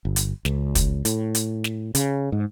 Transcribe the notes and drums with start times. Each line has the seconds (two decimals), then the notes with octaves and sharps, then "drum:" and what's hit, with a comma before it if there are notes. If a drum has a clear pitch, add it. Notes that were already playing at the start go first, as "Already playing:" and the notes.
0.05 G1
0.16 drum: hi-hat
0.45 C#2, drum: snare
0.75 drum: kick, hi-hat
1.05 A2, drum: hi-hat
1.35 drum: hi-hat
1.64 drum: snare
1.95 C#3, drum: hi-hat
2.32 G#2